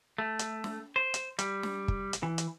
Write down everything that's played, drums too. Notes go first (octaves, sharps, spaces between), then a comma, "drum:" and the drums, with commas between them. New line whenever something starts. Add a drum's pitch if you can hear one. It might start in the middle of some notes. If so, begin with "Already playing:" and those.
A3
drum: hi-hat
drum: snare
C5
drum: hi-hat
G3, drum: hi-hat
drum: snare
drum: kick
drum: hi-hat
E3
drum: hi-hat